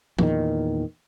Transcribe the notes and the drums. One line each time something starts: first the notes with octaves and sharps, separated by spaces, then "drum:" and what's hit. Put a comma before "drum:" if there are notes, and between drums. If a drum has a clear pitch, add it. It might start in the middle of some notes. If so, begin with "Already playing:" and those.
E2 A#2 D#3, drum: tom F3